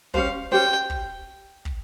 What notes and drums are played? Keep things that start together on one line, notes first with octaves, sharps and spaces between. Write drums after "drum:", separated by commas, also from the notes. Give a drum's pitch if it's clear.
C#4 G4 C5 F5, drum: kick
C#4 G4 C5 G5
drum: kick
drum: kick